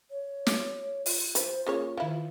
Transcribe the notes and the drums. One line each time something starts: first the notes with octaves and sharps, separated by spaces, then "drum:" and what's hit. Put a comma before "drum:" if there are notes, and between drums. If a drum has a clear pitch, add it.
C#5
F#4, drum: snare
F4, drum: open hi-hat
F3 B4 C5, drum: hi-hat
C#3 A#3 F4 C#5
D#3 F3 E4 F5